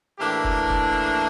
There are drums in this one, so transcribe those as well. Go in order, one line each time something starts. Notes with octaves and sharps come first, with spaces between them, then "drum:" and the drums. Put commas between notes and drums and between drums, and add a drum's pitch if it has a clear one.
A2 E3 A#3 D4 G4
drum: kick F1
drum: kick F1